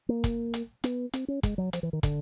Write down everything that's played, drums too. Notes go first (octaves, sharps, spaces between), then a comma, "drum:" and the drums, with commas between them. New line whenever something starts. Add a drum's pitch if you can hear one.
A#3
drum: kick, hi-hat
drum: hi-hat
B3, drum: hi-hat
C4, drum: hi-hat
C#4
G#3, drum: kick, hi-hat
F#3
F3, drum: hi-hat
E3
D#3
D3, drum: kick, hi-hat